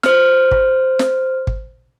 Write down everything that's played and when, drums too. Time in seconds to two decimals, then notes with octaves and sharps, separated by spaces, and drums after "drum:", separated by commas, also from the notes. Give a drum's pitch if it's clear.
0.03 C5 F6, drum: snare
0.51 drum: kick
0.99 drum: snare
1.47 drum: kick